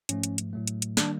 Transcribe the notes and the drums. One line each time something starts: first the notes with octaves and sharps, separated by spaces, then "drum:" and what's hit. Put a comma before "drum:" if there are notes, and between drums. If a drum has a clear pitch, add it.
G#2 F3 A3 C#4, drum: hi-hat
drum: hi-hat
drum: hi-hat
A2 F#3 A3
drum: hi-hat
drum: hi-hat
D#3 G3 A#3 D4, drum: snare